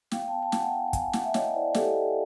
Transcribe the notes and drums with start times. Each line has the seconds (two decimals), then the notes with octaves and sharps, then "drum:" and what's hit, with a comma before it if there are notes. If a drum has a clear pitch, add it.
0.11 B3 F5 G5, drum: snare
0.28 G5 A5
0.33 B3
0.42 G5 A5
0.52 B3, drum: snare
0.58 F#5 G#5
0.73 E4 G5 A5
0.88 G#5
0.93 B3 G5 A5, drum: kick, hi-hat
1.13 E4 F#5 G#5, drum: snare
1.25 E5
1.34 B3 C#5 D#5, drum: snare
1.54 E4 C5 D5
1.74 E4 G4 A4, drum: snare